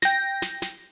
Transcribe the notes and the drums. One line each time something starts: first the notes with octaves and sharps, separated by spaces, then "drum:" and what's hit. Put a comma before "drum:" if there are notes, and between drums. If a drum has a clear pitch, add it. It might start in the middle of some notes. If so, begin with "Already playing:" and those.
G5 A#6, drum: snare
drum: snare
drum: snare